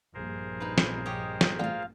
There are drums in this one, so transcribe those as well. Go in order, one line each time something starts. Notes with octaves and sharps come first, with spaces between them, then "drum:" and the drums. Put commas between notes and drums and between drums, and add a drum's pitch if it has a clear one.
A#1 G2 G#4 A#4 C5
D#4 B4
drum: snare
G4 C#5 D#5
drum: snare
A1 G3 F4 F5 G5